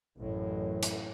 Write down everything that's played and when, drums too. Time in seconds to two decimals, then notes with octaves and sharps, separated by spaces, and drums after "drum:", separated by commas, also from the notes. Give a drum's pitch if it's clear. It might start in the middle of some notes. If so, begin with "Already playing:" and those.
0.18 A1 F#2 A2
0.83 drum: hi-hat